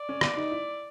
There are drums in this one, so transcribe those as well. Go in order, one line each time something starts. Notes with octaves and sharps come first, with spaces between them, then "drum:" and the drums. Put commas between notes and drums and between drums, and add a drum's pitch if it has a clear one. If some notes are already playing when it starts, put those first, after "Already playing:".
Already playing: D5
C#4
drum: rim click
D#4
E4